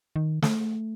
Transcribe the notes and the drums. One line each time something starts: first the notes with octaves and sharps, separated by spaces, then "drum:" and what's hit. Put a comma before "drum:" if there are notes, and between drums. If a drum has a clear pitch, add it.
D#3
A3, drum: snare